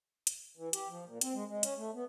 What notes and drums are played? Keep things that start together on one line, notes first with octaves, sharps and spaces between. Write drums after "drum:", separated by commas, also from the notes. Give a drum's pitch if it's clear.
drum: hi-hat
E3
G4, drum: hi-hat
F3
A#2
C4, drum: hi-hat
G#3
G#3
C#4, drum: hi-hat
A3
B3